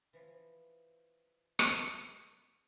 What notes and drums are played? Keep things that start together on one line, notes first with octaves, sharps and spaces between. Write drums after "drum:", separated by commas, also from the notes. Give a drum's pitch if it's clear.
E3 F3
drum: rim click